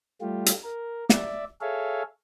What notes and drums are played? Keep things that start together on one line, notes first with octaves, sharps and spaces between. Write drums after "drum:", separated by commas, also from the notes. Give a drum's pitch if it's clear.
G3 A3 F4 G4
drum: hi-hat
A#4
D5 E5, drum: snare
G#4 A4 C#5 E5 F5